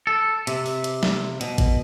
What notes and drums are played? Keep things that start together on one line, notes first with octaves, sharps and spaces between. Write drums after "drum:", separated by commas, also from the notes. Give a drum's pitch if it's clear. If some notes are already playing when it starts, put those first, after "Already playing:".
A4
C3, drum: hi-hat
drum: open hi-hat
drum: hi-hat
drum: snare
B2, drum: hi-hat
drum: kick, hi-hat